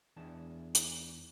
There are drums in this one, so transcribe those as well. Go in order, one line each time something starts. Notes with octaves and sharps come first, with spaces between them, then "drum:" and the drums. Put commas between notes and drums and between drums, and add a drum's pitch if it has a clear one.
E2 E3 G#3 D4 A5
drum: hi-hat